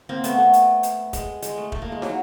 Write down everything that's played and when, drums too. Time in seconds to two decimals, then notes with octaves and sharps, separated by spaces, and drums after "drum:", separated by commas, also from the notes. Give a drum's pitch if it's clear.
0.09 A#3 C4
0.24 A3 B3, drum: hi-hat
0.38 A3
0.53 drum: hi-hat
0.83 drum: hi-hat
1.13 G#3, drum: kick, hi-hat
1.42 G#3, drum: hi-hat
1.58 A3
1.72 A3, drum: kick
1.82 A#3
1.92 G#3
2.02 F#3, drum: snare